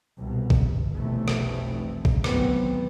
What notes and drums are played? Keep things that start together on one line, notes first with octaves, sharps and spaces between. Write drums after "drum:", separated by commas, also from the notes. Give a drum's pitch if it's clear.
C2 B2
drum: kick A#1
G1
F1 B1 C3 E3 A3
drum: rim click
drum: kick A#1
G#1 D2 F#3 B3 C4, drum: rim click